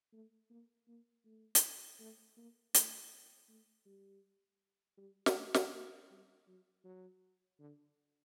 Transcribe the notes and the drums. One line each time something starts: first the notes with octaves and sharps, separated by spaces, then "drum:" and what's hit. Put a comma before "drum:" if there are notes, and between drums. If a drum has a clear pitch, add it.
A3
A#3
A#3
A3
drum: hi-hat
A3
A#3
A3, drum: hi-hat
A3
G3
G3
drum: snare
A3
drum: snare
A#3
G3
F#3
F#3
D3